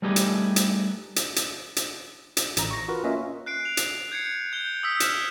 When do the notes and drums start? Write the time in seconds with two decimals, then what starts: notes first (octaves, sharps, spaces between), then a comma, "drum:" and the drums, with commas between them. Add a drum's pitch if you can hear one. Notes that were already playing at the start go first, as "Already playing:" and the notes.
0.02 G3 A3 B3 D#4 G4 G#4
0.16 drum: hi-hat
0.56 drum: hi-hat
1.16 drum: hi-hat
1.36 drum: hi-hat
1.76 drum: hi-hat
2.37 drum: hi-hat
2.57 A1 A#5, drum: hi-hat
2.71 C#6 A#6
2.88 F4 F#4 A#4 B4
3.04 A#3 C#4 F4 D#5 E5
3.46 F#6 C7 D7
3.65 F7
3.77 drum: hi-hat
4.12 G6 G#6 C7 C#7
4.53 G6 G7
4.83 D#6 E6 B6
5.00 F6 E7, drum: hi-hat